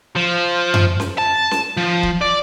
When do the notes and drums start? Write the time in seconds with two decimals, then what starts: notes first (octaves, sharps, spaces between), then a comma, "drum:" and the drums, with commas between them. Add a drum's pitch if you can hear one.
0.16 F3
0.74 drum: tom F#2
1.00 drum: snare C#4
1.18 A5
1.51 drum: snare C#4
1.77 F3
2.03 drum: kick
2.21 D5